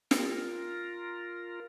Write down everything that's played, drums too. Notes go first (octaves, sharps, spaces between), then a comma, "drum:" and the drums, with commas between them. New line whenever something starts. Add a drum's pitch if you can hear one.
F4 A#4, drum: snare